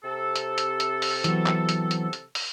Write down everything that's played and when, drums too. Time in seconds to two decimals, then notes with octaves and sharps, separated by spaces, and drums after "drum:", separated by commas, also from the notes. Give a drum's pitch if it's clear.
0.04 C3 A4
0.36 drum: hi-hat
0.58 drum: hi-hat
0.80 drum: hi-hat
1.02 drum: open hi-hat
1.24 E3 F#3 B3, drum: hi-hat
1.46 drum: clap
1.69 drum: hi-hat
1.91 drum: hi-hat
2.13 drum: hi-hat
2.35 drum: open hi-hat